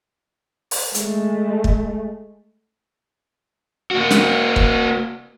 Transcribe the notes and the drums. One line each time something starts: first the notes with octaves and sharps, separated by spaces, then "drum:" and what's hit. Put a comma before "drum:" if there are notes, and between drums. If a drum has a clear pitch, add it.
drum: open hi-hat
G#3 A3, drum: hi-hat
drum: kick
A#3 F#4
drum: snare
drum: kick